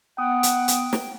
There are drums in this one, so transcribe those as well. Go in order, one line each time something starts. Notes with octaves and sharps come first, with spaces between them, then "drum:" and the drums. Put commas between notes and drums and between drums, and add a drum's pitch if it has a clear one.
B3 F#5 G5 D#6
drum: hi-hat
drum: hi-hat
drum: snare